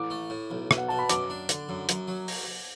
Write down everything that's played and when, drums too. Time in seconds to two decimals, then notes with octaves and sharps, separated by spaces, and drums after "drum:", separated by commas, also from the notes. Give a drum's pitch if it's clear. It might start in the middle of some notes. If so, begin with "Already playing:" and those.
Already playing: A1 D6
0.10 A3
0.30 A2
0.51 B1
0.71 B1, drum: rim click
0.78 F#5
0.88 B2 A5
0.99 B5
1.09 F#2 D6, drum: hi-hat
1.30 D4
1.49 D3, drum: hi-hat
1.69 F#2
1.89 F#2, drum: hi-hat
2.08 F#3
2.28 drum: open hi-hat